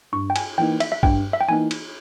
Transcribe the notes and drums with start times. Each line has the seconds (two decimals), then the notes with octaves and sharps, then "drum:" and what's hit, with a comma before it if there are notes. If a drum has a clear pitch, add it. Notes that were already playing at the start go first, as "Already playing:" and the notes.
0.12 G2 C#6
0.30 G5
0.36 G#5, drum: cymbal
0.57 E3 A#3 D#4 G5
0.80 E5, drum: cymbal
0.92 E5
1.03 G2 G5, drum: kick A1
1.33 E5
1.41 G5
1.48 E3 A#3 D#4 G#5
1.71 drum: cymbal